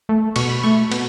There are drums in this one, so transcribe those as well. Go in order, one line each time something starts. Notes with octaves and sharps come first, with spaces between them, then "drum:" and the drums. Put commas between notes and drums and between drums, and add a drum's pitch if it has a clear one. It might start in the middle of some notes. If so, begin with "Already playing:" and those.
A3
B2 C#6, drum: cymbal
B5
A3 C#6
B2, drum: cymbal